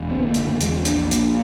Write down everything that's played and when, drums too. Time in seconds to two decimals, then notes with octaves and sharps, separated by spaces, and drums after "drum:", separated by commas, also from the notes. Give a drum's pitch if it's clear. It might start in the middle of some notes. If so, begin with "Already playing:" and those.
Already playing: E1
0.09 D2 C4
0.19 B3
0.27 A#3
0.34 F#1 A3, drum: hi-hat
0.47 A#3
0.61 E2 G#3, drum: hi-hat
0.73 C#4
0.85 A#1 D4, drum: hi-hat
1.11 A#2, drum: hi-hat